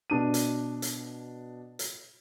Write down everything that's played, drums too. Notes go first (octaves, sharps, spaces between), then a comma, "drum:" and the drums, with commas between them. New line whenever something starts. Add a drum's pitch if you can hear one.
B2 D4 D#7
drum: hi-hat
drum: hi-hat
drum: hi-hat